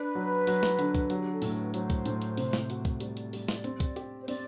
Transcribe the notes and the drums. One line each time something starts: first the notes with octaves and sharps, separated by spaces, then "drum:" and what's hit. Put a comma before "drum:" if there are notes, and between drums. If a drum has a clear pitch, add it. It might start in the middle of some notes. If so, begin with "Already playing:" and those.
Already playing: D4 B4
F#3
F#3, drum: open hi-hat
drum: snare
D3, drum: hi-hat
drum: kick, hi-hat
F#3 G4, drum: hi-hat
A4
A2, drum: open hi-hat
B4
F#3 C5, drum: hi-hat
drum: kick, hi-hat
A2, drum: hi-hat
drum: hi-hat
C3, drum: open hi-hat
drum: snare
F#4, drum: hi-hat
drum: kick, hi-hat
G3 D5, drum: hi-hat
drum: hi-hat
G3, drum: open hi-hat
drum: snare
C4, drum: hi-hat
drum: kick, hi-hat
G4, drum: hi-hat
C5
C4 D5, drum: open hi-hat